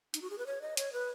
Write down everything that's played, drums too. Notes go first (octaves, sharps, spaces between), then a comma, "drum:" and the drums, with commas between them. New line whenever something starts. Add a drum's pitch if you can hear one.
D#4, drum: hi-hat
F#4
G#4
B4
C#5
D#5
C#5, drum: hi-hat
B4